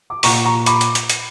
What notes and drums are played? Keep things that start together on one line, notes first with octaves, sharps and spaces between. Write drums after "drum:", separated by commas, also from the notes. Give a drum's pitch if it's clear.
D6
A#2 A#5 C#6, drum: open hi-hat
A#5 C#6
B5 D6, drum: hi-hat
drum: hi-hat
drum: hi-hat
drum: hi-hat